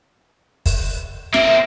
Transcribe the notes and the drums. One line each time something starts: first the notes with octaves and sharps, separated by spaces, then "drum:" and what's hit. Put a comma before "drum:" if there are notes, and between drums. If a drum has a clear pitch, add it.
drum: kick, open hi-hat
A#3 C4 E5, drum: snare